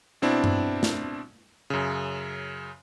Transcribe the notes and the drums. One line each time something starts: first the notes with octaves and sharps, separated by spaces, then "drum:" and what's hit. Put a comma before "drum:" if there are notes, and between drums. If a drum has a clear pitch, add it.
B2 C4 D4 E4
drum: tom G2
drum: snare
F#2 C#3